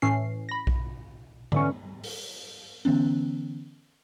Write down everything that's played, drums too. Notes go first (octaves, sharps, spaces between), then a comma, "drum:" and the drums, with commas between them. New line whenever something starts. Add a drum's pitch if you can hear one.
A2 E3 C#4 C7
B5 A#6
drum: kick B1
D3 E3 C#4, drum: tom G#2
drum: open hi-hat
D3 E3 B3 C#4